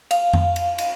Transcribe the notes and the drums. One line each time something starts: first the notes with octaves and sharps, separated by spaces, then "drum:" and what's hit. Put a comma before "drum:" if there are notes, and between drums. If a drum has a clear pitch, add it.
F5, drum: cymbal
drum: tom F2
drum: cymbal
drum: cymbal